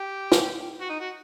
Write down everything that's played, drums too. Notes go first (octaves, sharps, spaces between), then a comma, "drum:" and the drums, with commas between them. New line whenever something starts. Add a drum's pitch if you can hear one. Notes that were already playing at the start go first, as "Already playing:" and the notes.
Already playing: G4
drum: snare
F#4
D#4
F#4